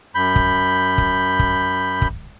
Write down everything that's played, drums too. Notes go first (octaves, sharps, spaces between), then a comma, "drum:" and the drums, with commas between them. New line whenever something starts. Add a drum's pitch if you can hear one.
F#2 B5 G6
drum: kick
drum: kick
drum: kick
drum: kick